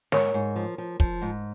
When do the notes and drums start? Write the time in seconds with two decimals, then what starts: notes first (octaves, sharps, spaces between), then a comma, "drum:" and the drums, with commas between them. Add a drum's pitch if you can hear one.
0.12 G#2 A#4 C#5, drum: snare
0.34 G#2
0.56 F3
0.78 F3
1.00 F3, drum: kick
1.22 G#2